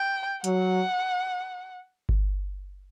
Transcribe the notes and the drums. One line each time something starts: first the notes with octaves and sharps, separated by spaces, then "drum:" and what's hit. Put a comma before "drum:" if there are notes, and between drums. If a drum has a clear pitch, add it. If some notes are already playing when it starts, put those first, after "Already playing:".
Already playing: G5
F#3 F#5, drum: hi-hat
drum: kick G1